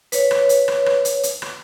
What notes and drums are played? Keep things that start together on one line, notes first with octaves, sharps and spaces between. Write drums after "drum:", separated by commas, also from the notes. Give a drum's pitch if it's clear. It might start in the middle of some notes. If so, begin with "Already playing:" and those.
B4 C#5, drum: hi-hat
drum: rim click
drum: hi-hat
drum: rim click
drum: rim click
drum: hi-hat
drum: hi-hat
drum: rim click